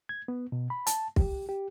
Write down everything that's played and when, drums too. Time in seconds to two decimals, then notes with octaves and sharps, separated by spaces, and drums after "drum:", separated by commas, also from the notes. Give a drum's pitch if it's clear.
0.09 G#6
0.28 B3
0.52 B2
0.70 B5
0.87 A5, drum: hi-hat
1.16 G4, drum: kick
1.49 G4